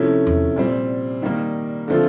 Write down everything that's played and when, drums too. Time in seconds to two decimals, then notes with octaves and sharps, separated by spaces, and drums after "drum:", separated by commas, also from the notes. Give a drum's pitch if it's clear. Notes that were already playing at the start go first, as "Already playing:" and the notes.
Already playing: C3 F3 A3 C#4 E4
0.27 drum: tom E2
0.56 A#2 G3 C4
1.22 D#3 G3 A#3 D#4
1.88 D3 F3 A3 C4 F4